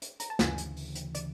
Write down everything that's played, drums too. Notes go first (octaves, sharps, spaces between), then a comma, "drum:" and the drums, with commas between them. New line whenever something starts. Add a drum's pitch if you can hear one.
drum: hi-hat
A#5, drum: hi-hat
A5
D2 C#3 E3 G#5, drum: snare
drum: hi-hat
drum: open hi-hat
drum: hi-hat
D5, drum: hi-hat